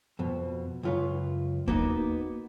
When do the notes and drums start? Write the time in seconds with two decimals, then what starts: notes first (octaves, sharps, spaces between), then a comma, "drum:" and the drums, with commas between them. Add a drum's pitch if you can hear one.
0.19 F2 B2
0.83 C#2 F#2 F4 B4 C#5
1.68 A#3 B3 D#4 F#4, drum: kick D#2